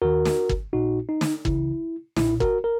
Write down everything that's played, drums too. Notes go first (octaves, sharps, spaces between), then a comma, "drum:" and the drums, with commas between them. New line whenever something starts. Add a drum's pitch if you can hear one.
D#2 D#3 F#4 A#4
drum: snare
drum: kick
A#1 A#2 D#4 F#4
D#4
drum: snare
C#2 C#3 E3 E4, drum: kick
B1 A#2 E4, drum: snare
F#4 A#4, drum: kick
A#4